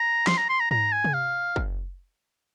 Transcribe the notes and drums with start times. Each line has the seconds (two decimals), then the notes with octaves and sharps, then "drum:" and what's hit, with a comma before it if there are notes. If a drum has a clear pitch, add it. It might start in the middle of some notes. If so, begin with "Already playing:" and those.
Already playing: A#5
0.27 C6, drum: snare
0.37 A#5
0.49 C6
0.60 A#5
0.71 A#5, drum: tom G#2
0.92 G#5
1.04 drum: tom C3
1.14 F5
1.56 drum: kick